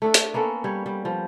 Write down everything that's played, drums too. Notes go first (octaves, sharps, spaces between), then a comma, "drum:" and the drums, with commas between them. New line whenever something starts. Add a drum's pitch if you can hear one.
A3 D4 A4
drum: hi-hat
A#3 B3 C#4 A4
G3 C#5
G3
F3 G3